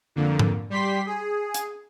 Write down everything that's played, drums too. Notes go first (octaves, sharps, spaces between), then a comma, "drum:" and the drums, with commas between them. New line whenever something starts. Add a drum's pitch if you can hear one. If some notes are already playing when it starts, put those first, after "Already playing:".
F2 D3 A#3
drum: tom G#2
G3 G4 C6 B6
G#4
drum: hi-hat